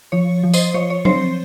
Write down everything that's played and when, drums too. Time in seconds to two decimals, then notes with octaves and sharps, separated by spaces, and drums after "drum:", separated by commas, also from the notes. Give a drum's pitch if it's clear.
0.12 F3 C#5
0.44 F3
0.54 C5 D#5, drum: tambourine
0.74 F3 C#5
0.90 C#5
1.05 C4 C5, drum: tom F#3